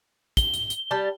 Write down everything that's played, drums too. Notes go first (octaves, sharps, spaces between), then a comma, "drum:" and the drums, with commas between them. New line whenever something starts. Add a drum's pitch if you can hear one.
G7, drum: kick, hi-hat
drum: hi-hat
drum: hi-hat
G3 A5